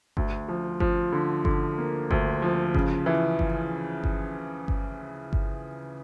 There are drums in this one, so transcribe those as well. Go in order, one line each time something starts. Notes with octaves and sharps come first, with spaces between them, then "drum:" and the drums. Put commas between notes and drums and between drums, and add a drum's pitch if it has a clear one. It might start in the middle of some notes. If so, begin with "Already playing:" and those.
D2, drum: kick G1
F3
F3, drum: kick G1
D3
D3, drum: kick G1
A#3
D2, drum: kick G1
F3
C#3, drum: kick G1
E3
drum: kick G1
drum: kick G1
drum: kick G1
drum: kick G1